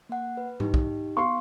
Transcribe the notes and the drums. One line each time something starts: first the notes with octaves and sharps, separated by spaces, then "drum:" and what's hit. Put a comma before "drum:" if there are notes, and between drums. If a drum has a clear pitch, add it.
A#3 F#5
B4
D#4 G4, drum: tom G#2
drum: kick
B3 F5 C6 C#6